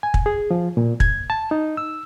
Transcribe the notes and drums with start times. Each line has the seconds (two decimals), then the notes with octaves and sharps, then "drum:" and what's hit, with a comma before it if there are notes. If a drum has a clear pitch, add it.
0.03 G#5
0.14 drum: kick
0.26 G#4
0.51 F3
0.77 A#2
1.00 G#6, drum: kick
1.30 A5
1.51 D#4
1.77 E6